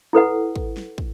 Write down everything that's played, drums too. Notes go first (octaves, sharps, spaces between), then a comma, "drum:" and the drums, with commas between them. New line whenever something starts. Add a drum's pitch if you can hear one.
E4 A4 B4 F#5
drum: kick
drum: snare
drum: kick